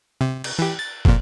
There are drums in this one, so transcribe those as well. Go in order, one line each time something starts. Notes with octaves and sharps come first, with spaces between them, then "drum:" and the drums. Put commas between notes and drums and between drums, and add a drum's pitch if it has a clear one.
C3
drum: cymbal
E3 G4
A6
F2 A#2, drum: kick